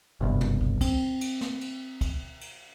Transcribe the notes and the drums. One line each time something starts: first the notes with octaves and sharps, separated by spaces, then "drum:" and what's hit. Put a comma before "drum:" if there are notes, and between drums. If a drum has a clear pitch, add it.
F#1 C2 G2 B2
drum: tom
drum: kick
C4, drum: kick, cymbal
drum: cymbal
drum: snare
drum: cymbal
drum: kick, cymbal
drum: cymbal